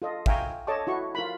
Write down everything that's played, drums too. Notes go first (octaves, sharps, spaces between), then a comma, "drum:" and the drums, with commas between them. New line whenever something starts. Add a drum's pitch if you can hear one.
F4 A4 D#5
E5 F5 G5 G#5 A#5 C#6, drum: kick G#1
A4 C#5 D#5 A5 C#6 D6
E4 F#4 C#6
F4 A#4 B5